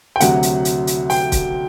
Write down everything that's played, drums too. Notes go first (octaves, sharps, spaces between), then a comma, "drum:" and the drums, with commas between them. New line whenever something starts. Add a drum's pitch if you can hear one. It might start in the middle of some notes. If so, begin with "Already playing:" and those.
G5
D2 C3 F#3 F#5, drum: hi-hat
drum: hi-hat
drum: hi-hat
drum: hi-hat
G5, drum: open hi-hat
drum: kick, hi-hat